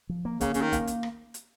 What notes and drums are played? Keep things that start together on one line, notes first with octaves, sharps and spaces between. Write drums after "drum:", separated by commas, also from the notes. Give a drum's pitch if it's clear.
F3
A#3
C#3 A#3, drum: kick, hi-hat
C#3 C#4, drum: hi-hat
D#3
A#3, drum: kick, hi-hat
drum: hi-hat
drum: rim click
drum: hi-hat